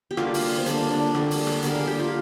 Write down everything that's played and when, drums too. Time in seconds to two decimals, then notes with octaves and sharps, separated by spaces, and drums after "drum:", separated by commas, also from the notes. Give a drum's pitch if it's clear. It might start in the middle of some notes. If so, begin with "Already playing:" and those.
0.11 G4
0.17 D3 G3 A#3 F4, drum: rim click
0.34 drum: open hi-hat
0.58 C4
0.66 D3 G3 A#3 D4, drum: hi-hat
0.90 D4
1.15 D3 G3 A#3, drum: rim click
1.31 drum: open hi-hat
1.47 drum: rim click
1.63 D3 G3 A#3 A#4, drum: hi-hat
1.75 G#4
1.87 G4
1.99 F4